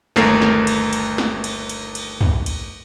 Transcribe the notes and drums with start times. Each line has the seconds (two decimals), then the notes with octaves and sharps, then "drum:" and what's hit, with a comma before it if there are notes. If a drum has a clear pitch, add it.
0.16 G1 D#2 A3 A#4 C7, drum: snare
0.41 drum: snare
0.67 drum: cymbal
0.93 drum: cymbal
1.18 drum: snare
1.44 drum: cymbal
1.69 drum: cymbal
1.95 drum: cymbal
2.21 drum: tom
2.46 drum: cymbal